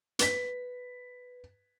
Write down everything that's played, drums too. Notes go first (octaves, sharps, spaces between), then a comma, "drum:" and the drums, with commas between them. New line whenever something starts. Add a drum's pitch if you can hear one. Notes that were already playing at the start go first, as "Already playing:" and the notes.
B4 B6, drum: hi-hat